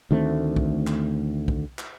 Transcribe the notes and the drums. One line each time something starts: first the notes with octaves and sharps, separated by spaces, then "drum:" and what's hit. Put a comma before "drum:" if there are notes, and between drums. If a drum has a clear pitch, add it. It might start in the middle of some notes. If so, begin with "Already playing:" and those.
D2 D#3 A3 C4
drum: kick B1
drum: clap
drum: kick B1
drum: clap